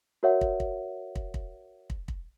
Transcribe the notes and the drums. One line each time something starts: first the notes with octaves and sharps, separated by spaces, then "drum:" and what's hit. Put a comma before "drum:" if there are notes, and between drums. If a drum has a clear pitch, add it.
F#4 A#4 C#5 E5 F#5
drum: kick
drum: kick
drum: kick
drum: kick
drum: kick
drum: kick